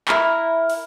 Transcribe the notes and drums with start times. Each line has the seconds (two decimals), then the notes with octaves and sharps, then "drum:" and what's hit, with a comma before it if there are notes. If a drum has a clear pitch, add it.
0.08 E4 A#4, drum: clap
0.70 drum: open hi-hat